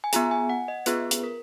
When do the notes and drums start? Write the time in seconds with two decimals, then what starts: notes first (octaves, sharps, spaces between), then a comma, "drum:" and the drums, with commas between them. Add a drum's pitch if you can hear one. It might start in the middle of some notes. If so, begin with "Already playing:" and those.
0.04 G#5
0.13 B3 F4 G#4 A#5, drum: hi-hat
0.31 G#5
0.49 F#5
0.68 D#5
0.86 B3 F4 G#4 B4, drum: hi-hat
1.11 drum: hi-hat
1.24 A#4